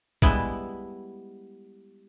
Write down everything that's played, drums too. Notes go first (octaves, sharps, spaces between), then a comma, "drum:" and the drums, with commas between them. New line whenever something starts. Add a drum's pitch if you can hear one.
G3 G#3 B3 E4, drum: kick